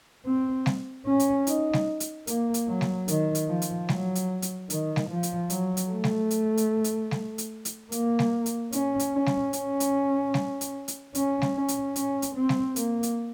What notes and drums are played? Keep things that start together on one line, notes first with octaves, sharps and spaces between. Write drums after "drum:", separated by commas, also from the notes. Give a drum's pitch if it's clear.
C4
drum: snare G3
C#4
drum: hi-hat
D#4, drum: hi-hat
drum: snare G3
drum: hi-hat
A#3, drum: hi-hat
drum: hi-hat
F#3
drum: snare G3
D#3, drum: hi-hat
drum: hi-hat
F3
drum: hi-hat
F#3, drum: snare G3
drum: hi-hat
drum: hi-hat
D#3, drum: hi-hat
drum: snare G3
F3
drum: hi-hat
F#3, drum: hi-hat
drum: hi-hat
A3
drum: snare G3
drum: hi-hat
drum: hi-hat
drum: hi-hat
drum: snare G3
drum: hi-hat
drum: hi-hat
A#3, drum: hi-hat
drum: snare G3
drum: hi-hat
C#4, drum: hi-hat
drum: hi-hat
C#4
drum: snare G3
C#4, drum: hi-hat
drum: hi-hat
drum: snare G3
drum: hi-hat
drum: hi-hat
C#4, drum: hi-hat
drum: snare G3
C#4
drum: hi-hat
C#4, drum: hi-hat
drum: hi-hat
C4
drum: snare G3
A#3, drum: hi-hat
drum: hi-hat